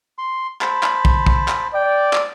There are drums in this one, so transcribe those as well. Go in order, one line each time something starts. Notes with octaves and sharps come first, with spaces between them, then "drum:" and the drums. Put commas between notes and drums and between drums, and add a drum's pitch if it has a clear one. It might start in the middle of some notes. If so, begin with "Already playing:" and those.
C6
C5 A5 B5, drum: clap
drum: clap
drum: kick
drum: kick
drum: clap
D5 G5
drum: clap